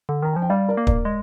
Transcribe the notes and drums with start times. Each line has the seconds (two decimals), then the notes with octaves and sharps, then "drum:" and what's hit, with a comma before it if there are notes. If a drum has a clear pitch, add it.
0.09 D3
0.22 D#3 A#5
0.33 F3 G#5
0.42 G5
0.50 G3 D5 F5
0.69 A#4 D5
0.77 A#3
0.87 A#4 D5, drum: kick
1.05 G#3